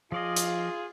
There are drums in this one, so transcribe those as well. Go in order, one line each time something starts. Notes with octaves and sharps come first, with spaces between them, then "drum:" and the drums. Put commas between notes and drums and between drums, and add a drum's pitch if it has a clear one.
F3 F4 G#4 D5 D#5 F5
drum: hi-hat